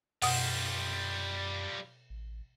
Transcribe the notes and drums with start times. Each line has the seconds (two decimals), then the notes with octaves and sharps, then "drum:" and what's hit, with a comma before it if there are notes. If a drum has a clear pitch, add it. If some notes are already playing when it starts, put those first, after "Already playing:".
0.22 F#2 B2 G3 F4 F#5, drum: open hi-hat
2.10 A1